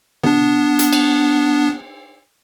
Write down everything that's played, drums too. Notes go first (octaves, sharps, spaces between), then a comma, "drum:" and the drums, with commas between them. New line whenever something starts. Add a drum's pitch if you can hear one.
B3 D4, drum: tom C3
drum: hi-hat
drum: cymbal